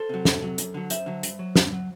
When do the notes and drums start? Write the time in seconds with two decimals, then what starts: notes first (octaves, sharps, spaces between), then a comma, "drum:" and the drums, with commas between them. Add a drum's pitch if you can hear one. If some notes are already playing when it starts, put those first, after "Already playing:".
Already playing: A4 C5
0.09 C3 F#3
0.25 C2, drum: snare
0.42 C3 F#3
0.58 F#2, drum: hi-hat
0.74 D3 F#3
0.90 F#2 C5 E5, drum: hi-hat
1.06 D3 F#3
1.23 G2, drum: hi-hat
1.39 F#3
1.56 G2, drum: snare
1.72 F#3